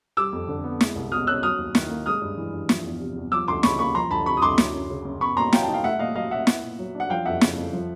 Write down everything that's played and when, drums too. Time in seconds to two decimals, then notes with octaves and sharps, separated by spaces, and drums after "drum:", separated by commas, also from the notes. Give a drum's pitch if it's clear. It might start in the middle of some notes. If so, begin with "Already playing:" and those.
0.17 G3 D6 E6
0.33 F2
0.48 D3
0.64 B3
0.81 G#3, drum: snare
0.95 C2
1.11 B2 D#6 F6
1.27 C#4 E6 F#6
1.43 F#3 D#6 F6
1.58 D#2
1.75 D#3, drum: snare
1.90 A#3
2.06 G#3 D#6 F6
2.21 G2
2.38 E3
2.53 G2
2.69 F3, drum: snare
2.84 E2
3.00 C3
3.16 E2
3.32 F3 D6 E6
3.48 D2 C6 D6
3.63 C#3 B5 C#6, drum: snare
3.79 A#3 B5 C#6
3.95 F3 A#5 C6
4.11 D2 A5 B5
4.26 C3 B5 C#6
4.37 D#6
4.42 D2 C6 D6
4.58 F#3, drum: snare
4.74 F#2
4.90 C#3
5.05 F#2
5.21 B3 B5 C#6
5.37 A#2 A#5 C6
5.53 F#3 F5 G5, drum: snare
5.63 G5 A5
5.68 D#4
5.73 F5 G5
5.83 A3 E5 F#5
5.99 A#2 D#5 F5
6.15 F#3 D#5 F5
6.31 A#2 E5 F#5
6.47 B3, drum: snare
6.63 A#2
6.79 F#3
6.95 D4
7.00 F#5
7.10 F3 F5 G5
7.25 F2 E5 F#5
7.41 C#3, drum: snare
7.57 F2
7.73 F3